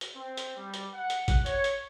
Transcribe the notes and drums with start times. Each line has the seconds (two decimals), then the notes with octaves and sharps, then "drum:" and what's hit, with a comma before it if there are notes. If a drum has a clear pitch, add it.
0.01 drum: hi-hat
0.16 C4
0.37 drum: hi-hat
0.57 G3
0.74 drum: hi-hat
0.95 F#5
1.10 drum: hi-hat
1.28 drum: kick G1, hi-hat
1.46 C#5, drum: hi-hat
1.64 drum: hi-hat